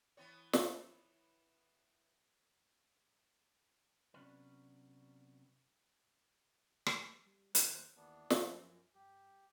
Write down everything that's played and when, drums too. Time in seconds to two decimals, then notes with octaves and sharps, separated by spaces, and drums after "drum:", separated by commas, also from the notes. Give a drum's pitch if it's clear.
0.17 E3 B3 C#5
0.53 drum: snare
4.14 C3 F#3 B3 C#4 D4 B4
6.86 drum: rim click
7.25 G3
7.55 D#2 F#3 C5 F#6, drum: hi-hat
7.96 D#2 E3 B3 D4
8.30 drum: snare
8.41 F#2 F3
8.95 G2 G4